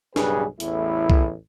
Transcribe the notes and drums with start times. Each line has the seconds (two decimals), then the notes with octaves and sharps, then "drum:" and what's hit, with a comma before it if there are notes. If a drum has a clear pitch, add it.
0.16 B1 G2 C#3 G#4 B4, drum: snare
0.60 A1 E2 A2 E4, drum: hi-hat
1.10 drum: kick